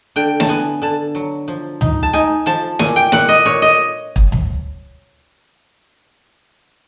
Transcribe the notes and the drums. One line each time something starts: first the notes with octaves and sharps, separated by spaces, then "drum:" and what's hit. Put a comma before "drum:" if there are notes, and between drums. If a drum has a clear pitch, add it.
D3 G5
A5, drum: snare
B3 G#5
D3 A5
F#3
F3
D#4, drum: tom
A5
D#4 G#5
F3 A5
A#2 G#5, drum: snare
G5
A#2 F#5, drum: snare
D#5
A#2 C#5
D#5
drum: kick
drum: tom